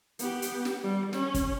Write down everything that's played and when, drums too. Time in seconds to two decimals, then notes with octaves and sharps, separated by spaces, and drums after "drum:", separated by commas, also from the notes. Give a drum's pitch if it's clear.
0.19 B3 G4, drum: hi-hat
0.42 drum: hi-hat
0.65 drum: snare
0.83 G3
1.13 C#4, drum: snare
1.34 drum: kick, hi-hat